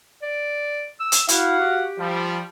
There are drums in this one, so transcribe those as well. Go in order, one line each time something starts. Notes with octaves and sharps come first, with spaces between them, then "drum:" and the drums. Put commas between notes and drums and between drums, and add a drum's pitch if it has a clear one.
D5
E6
drum: hi-hat
E4 F#4 F5 F#5, drum: hi-hat
G4
F3 G3